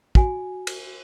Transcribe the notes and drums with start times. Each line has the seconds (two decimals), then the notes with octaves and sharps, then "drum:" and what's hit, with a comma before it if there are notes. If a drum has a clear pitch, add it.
0.15 F#4 G#5, drum: kick
0.67 drum: cymbal